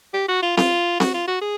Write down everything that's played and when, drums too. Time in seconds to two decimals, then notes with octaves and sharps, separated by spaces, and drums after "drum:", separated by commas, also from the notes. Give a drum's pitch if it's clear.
0.14 G4
0.29 F#4
0.43 F4
0.57 F4, drum: snare C4
1.00 F#4, drum: snare C4
1.14 F4
1.28 F#4
1.42 G#4